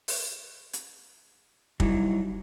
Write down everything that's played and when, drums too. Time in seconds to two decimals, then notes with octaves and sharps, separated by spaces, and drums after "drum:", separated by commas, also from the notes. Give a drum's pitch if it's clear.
0.08 drum: open hi-hat
0.73 drum: hi-hat
1.80 F#3 G3 D#4 E4, drum: kick